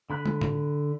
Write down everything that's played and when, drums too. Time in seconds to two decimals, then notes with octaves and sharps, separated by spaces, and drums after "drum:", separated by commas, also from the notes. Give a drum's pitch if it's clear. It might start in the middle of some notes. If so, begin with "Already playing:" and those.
0.10 D3 B5 F#6
0.26 drum: tom
0.41 drum: tom A2